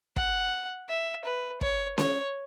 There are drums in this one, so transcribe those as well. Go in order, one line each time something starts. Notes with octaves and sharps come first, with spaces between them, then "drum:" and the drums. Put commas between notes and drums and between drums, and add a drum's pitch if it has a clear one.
F#5, drum: kick
E5
B4
C#5, drum: kick
C#5, drum: snare C#4